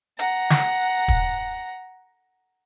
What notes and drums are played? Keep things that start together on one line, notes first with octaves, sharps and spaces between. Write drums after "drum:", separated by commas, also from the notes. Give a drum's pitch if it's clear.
F#5 A#5, drum: hi-hat
drum: snare
drum: kick